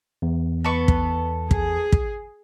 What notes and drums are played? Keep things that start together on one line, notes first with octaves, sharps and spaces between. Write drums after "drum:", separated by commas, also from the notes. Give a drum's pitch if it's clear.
E2
B3 A4 B4 C#6
drum: kick
G#4, drum: kick
drum: kick